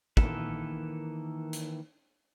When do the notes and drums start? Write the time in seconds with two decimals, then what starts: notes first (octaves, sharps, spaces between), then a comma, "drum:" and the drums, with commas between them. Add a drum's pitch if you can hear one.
0.17 D#3 E3 A#3 A4 B4, drum: kick
1.53 drum: hi-hat